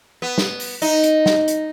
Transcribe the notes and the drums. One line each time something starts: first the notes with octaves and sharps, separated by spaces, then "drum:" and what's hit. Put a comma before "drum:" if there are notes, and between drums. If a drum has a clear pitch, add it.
B3
drum: snare
drum: open hi-hat
D#4, drum: open hi-hat
drum: hi-hat
drum: snare
drum: hi-hat